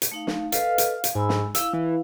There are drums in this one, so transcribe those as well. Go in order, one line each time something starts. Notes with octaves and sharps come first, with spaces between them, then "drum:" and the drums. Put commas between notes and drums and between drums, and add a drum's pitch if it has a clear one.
drum: hi-hat
A3 D#4 F5
drum: snare
A4 B4 D#5 F5, drum: hi-hat
drum: hi-hat
drum: hi-hat
G#2 G#5 B5 E6
drum: snare
E4 F5 E6, drum: hi-hat
E3